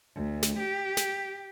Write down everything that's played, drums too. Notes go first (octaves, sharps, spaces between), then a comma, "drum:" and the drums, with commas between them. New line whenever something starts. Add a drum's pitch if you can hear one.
D2
drum: snare
G4
drum: snare